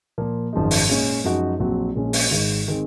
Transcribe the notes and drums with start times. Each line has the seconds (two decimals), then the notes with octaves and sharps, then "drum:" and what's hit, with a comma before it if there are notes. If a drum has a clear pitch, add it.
0.18 A#2 F3 A#3
0.53 G#1 F#2 F3 G#3 D#4
0.71 drum: open hi-hat
0.89 A#2 G#3 C#4
1.24 F#2 F3 G#3 D#4 F#4
1.60 A#1 A#2 F#3 C4 F#4
1.96 A#1 A#2 G#3 C#4
2.13 drum: open hi-hat
2.31 G#1 G#2 D#3
2.68 D#3 G#3 C4